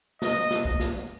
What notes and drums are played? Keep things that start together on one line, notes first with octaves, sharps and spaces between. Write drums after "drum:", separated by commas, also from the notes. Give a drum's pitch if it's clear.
D#5, drum: snare
drum: snare
drum: kick
drum: snare